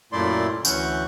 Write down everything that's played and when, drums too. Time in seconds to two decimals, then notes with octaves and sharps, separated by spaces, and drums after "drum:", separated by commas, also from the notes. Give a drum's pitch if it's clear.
0.12 F#2 A#2 A3 E4 D5 C6
0.65 D2 E3 C#4 F#5 C#6 G6, drum: tambourine